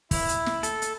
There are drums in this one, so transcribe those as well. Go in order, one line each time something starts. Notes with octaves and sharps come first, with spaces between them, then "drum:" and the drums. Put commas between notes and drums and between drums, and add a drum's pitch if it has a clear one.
E4, drum: kick, open hi-hat
drum: hi-hat
drum: snare
A4, drum: hi-hat
drum: hi-hat